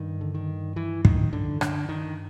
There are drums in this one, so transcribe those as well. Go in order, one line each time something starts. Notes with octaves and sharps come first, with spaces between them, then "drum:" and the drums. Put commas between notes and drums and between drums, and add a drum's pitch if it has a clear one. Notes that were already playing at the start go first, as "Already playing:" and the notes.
Already playing: G2 D#3
D3
D#3
E3
D#3, drum: kick
D3
D3, drum: rim click
D#3